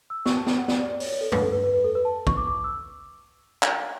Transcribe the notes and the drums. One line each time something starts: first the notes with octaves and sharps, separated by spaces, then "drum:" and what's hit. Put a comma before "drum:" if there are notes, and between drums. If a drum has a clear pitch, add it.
E6
C#6, drum: snare
A5
G5, drum: snare
F#5
D5, drum: snare
D5
D5
C#5, drum: open hi-hat
C#5
A4
B4, drum: tom F2
A4
B4
B4
B4
A4
B4
A5
C#6, drum: kick
D6
D6
E6
drum: clap